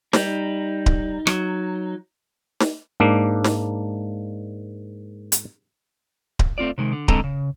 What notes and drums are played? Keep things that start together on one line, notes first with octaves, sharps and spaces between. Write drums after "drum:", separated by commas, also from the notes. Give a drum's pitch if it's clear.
G3 D#4, drum: snare
drum: kick D1
F#3, drum: rim click
drum: snare
G#2 A#3 D4
drum: snare
drum: hi-hat
drum: kick D1
A3 C4 F4 D5
C3 D#3 G#3
D3
D3 G#3 C4 A4 D#5 A#5, drum: kick D1
C#3